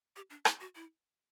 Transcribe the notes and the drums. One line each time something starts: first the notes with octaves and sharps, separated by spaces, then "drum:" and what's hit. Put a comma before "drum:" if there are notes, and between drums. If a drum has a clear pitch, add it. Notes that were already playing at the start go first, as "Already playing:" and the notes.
G4
D4
E4, drum: rim click
F#4
E4